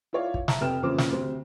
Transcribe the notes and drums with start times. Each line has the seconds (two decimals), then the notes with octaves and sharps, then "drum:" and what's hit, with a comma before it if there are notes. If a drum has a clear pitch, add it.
0.13 E4 F4 C#5 D5 F5
0.34 drum: kick
0.48 E5 A5 A#5, drum: snare
0.61 F1 C3 B4 G5 F6 E7
0.82 F2 A#2 C#3 E3 C5 D6
0.98 drum: snare
1.12 D2 C3 C5